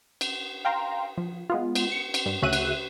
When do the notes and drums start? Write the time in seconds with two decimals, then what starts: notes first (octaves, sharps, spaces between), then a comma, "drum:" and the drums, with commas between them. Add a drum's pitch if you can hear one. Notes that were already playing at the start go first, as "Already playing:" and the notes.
0.21 drum: cymbal
0.65 F5 G5 A#5 C6
1.18 F3
1.50 G#3 B3 F4
1.75 drum: cymbal
1.92 C#7
2.14 drum: cymbal
2.26 G2
2.42 D2 C#3 F#4 E5 F#6 D#7
2.53 drum: cymbal